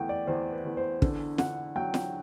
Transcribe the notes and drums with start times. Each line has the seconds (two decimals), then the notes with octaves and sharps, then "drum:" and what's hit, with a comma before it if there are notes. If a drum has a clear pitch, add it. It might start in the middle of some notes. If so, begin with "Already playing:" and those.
Already playing: E2 A3 F#5 G5
0.09 D5
0.27 E2 C5
0.53 B4
0.65 E2
0.77 C5
1.02 D3, drum: kick
1.38 D3 F#5, drum: snare
1.76 F#3 G5
1.94 drum: snare